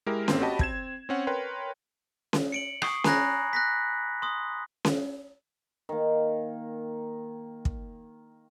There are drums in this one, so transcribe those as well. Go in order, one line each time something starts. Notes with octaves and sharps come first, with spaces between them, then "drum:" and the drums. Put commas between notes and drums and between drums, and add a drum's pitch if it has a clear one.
G#3 E4 G4 A#4
A1 A#3 C4 G5, drum: snare C#4
F#4 G4 D#5 A5 B5
C4 G#6 E7, drum: kick
C4 C#4 F#5
A#4 B4 C#5 G5 C6
drum: snare C#4
C#7 D7 F#7
C#6 D#6 C7, drum: rim click
G#5 A#5 B5 F#6 G#6 A#6, drum: snare C#4
F#6 A#6 B6
C6 D#6
drum: snare C#4
D#3 A#3
drum: kick